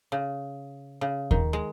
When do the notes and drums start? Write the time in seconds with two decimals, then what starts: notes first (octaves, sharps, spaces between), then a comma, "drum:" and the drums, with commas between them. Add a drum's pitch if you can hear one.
0.12 C#3
1.01 C#3
1.31 D#3, drum: kick D#2
1.53 G#3